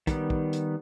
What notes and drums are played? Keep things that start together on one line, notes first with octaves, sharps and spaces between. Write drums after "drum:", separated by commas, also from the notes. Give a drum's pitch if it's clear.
D#3 G3 B3, drum: kick, hi-hat
drum: kick
drum: hi-hat